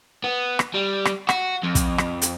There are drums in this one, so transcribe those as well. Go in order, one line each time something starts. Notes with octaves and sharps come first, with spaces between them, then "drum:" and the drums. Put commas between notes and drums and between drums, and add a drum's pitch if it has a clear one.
B3
drum: rim click
G3
drum: rim click
F#4, drum: rim click
F2
drum: kick, hi-hat
drum: rim click
drum: hi-hat